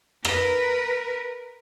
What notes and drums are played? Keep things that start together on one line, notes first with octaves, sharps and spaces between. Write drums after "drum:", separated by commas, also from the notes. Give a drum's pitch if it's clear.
A#4 B4, drum: rim click